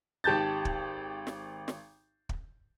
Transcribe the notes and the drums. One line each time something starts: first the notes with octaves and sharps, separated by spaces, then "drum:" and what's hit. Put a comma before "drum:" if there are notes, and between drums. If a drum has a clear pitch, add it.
G#1 G4 A5 G6 A6
drum: kick
drum: snare
drum: snare
drum: kick